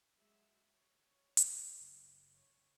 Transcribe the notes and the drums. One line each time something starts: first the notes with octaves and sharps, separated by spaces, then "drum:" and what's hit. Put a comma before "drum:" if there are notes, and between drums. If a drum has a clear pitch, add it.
F#3 G#3 E5
C#5
drum: hi-hat
F#1
C#5